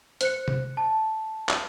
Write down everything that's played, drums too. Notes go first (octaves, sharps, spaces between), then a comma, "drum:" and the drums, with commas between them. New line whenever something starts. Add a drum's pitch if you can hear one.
C5 F#6 C#7, drum: hi-hat
drum: tom C3
A5
drum: clap